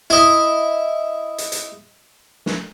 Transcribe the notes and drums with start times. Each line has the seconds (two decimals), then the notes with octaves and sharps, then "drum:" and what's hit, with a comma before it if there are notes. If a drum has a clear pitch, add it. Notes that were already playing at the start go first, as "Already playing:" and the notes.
0.10 E4 D#5
1.38 drum: hi-hat
1.52 drum: hi-hat
2.46 drum: snare